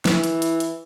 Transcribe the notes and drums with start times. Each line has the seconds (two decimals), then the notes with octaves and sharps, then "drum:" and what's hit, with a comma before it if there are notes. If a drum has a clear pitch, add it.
0.05 E3, drum: snare
0.24 drum: hi-hat
0.42 drum: hi-hat
0.60 drum: hi-hat